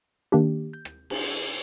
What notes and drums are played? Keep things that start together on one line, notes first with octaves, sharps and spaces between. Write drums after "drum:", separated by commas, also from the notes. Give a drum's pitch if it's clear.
D#3 A#3 D4 G4
G6
drum: rim click
drum: cymbal